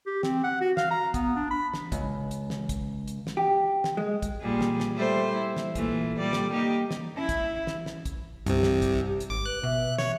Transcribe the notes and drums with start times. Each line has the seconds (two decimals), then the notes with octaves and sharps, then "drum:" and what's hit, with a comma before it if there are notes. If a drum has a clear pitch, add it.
0.06 G4
0.23 C4, drum: snare
0.44 F#5
0.61 F#4
0.77 F5, drum: snare
0.91 A#5
1.14 B3, drum: kick, hi-hat
1.36 D4
1.51 B5
1.74 drum: snare
1.92 C#2, drum: kick, hi-hat
2.31 drum: hi-hat
2.50 drum: snare
2.69 drum: kick, hi-hat
3.08 drum: hi-hat
3.27 drum: snare
3.37 G4
3.84 drum: snare
3.97 G#3
4.22 drum: kick, hi-hat
4.42 A#2 G3 G#4
4.61 drum: snare
4.80 drum: snare
4.96 G3 A3 C5
5.33 E4
5.57 drum: snare
5.75 A#2 E3 A3, drum: kick, hi-hat
6.19 A#2 G3 D5
6.33 drum: snare
6.51 A#3 D#4 G4
6.91 drum: snare
7.17 C#4 E4
7.29 drum: kick, hi-hat
7.67 drum: snare
7.86 drum: snare
8.05 drum: kick, hi-hat
8.46 C2 G2 C3 G4, drum: hi-hat
8.63 drum: snare
8.82 drum: kick, hi-hat
9.20 drum: hi-hat
9.30 G#1 D6
9.46 B4 F#6
9.63 B2 E5
9.98 C#5, drum: snare